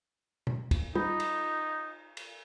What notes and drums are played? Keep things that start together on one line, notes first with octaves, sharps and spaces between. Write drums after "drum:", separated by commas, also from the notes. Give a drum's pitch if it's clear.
drum: tom B2
drum: kick, cymbal
D#4 F4, drum: tom
drum: cymbal
drum: cymbal